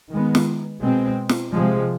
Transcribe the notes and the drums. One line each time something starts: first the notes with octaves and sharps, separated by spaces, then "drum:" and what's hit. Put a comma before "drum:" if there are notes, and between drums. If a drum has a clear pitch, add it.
D#3 G#3 B3
drum: snare
B2 G#3 C4
drum: snare
C3 F3 G#3